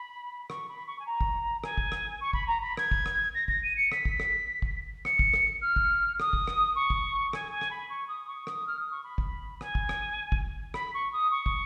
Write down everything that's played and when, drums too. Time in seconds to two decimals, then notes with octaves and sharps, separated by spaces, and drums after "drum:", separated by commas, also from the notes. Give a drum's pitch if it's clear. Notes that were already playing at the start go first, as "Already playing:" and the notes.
Already playing: B5
0.50 C#6, drum: rim click
0.69 B5
0.87 C#6
1.00 G#5
1.06 A#5
1.21 drum: kick
1.64 G#5, drum: rim click
1.78 drum: kick
1.92 drum: rim click
2.21 C#6
2.33 B5, drum: kick
2.47 A#5
2.61 B5
2.77 G#6, drum: rim click
2.91 drum: kick
3.06 drum: rim click
3.35 A#6
3.48 A#6, drum: kick
3.63 D#7
3.77 C#7
3.92 B6, drum: rim click
4.05 drum: kick
4.20 drum: rim click
4.62 drum: kick
5.05 C#7, drum: rim click
5.19 drum: kick
5.34 drum: rim click
5.61 F6
5.76 drum: kick
6.20 D#6, drum: rim click
6.33 drum: kick
6.47 drum: rim click
6.76 C#6
6.90 drum: kick
7.33 G#5, drum: rim click
7.52 G#5
7.61 drum: rim click
7.71 B5
7.90 C#6
8.08 D#6
8.28 C#6
8.47 D#6, drum: rim click
8.67 F6
8.79 D#6
8.92 C#6
9.04 B5
9.18 drum: kick
9.61 G#5, drum: rim click
9.75 drum: kick
9.89 drum: rim click
10.32 drum: kick
10.74 B5, drum: rim click
10.94 C#6
11.13 D#6
11.31 C#6
11.46 drum: kick